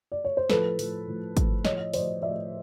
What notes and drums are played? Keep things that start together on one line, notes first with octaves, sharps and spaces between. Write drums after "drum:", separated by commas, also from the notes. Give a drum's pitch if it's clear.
D5
C#5
C5
A2 F3 A4 B4, drum: snare
A2 F3, drum: open hi-hat
A2 F3
A2 F3, drum: kick, hi-hat
A2 F3 C#5 D#5, drum: snare
A2 F3 C5 D5, drum: open hi-hat
A2 F3 D5 E5